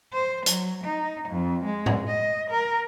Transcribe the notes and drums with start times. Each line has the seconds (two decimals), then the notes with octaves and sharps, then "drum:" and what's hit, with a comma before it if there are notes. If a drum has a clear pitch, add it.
0.13 C5
0.46 F#3, drum: hi-hat
0.84 D#4
1.28 F2
1.65 G#3
1.86 drum: tom A2
2.07 D#5
2.50 A#4